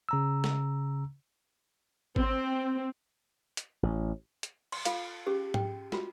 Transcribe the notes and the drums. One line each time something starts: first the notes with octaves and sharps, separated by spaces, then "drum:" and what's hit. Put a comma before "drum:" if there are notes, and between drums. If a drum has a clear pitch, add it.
C#3 A#5 E6
drum: snare
C4, drum: kick G#1
drum: hi-hat
A1
drum: hi-hat
C6, drum: cymbal
F4 A4 F5, drum: hi-hat
C#4 G4 G#4
G5, drum: tom G#2
F4 F#4, drum: snare